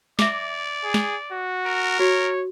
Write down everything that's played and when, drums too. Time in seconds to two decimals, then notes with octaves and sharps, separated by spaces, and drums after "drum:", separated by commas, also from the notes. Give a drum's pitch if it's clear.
0.19 D5 E5 D6, drum: snare
0.84 G#4
0.94 drum: snare
1.32 F#4
1.66 A#4
1.99 F#4 C#5